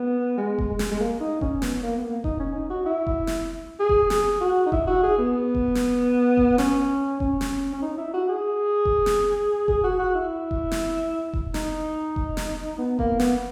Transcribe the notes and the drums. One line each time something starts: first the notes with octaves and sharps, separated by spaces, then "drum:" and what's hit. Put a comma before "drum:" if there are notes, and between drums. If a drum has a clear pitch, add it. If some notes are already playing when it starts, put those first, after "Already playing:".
Already playing: B3
G#3
drum: kick F1
G#3
drum: snare
G#3
A#3
D#4
C#4, drum: kick F1
B3, drum: snare
A#3
B3
A#3
D#4, drum: kick F1
C#4
D#4
F#4
E4
drum: kick F1
drum: snare
G#4
drum: kick F1
G#4, drum: snare
F#4
D#4
E4, drum: kick F1
F#4
G#4
B3
drum: kick F1
drum: snare
drum: kick F1
C#4, drum: snare
C#4, drum: kick F1
drum: snare
C#4
D#4
E4
F#4
G#4
drum: kick F1
drum: snare
G#4, drum: kick F1
F#4
F#4
E4
drum: kick F1
drum: snare
drum: kick F1
D#4, drum: snare
drum: kick F1
drum: snare
B3
A#3, drum: kick F1
B3, drum: snare